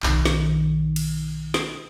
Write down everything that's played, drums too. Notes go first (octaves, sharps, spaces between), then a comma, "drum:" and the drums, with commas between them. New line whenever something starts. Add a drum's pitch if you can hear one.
B1 D#3, drum: clap
drum: snare
drum: cymbal
drum: snare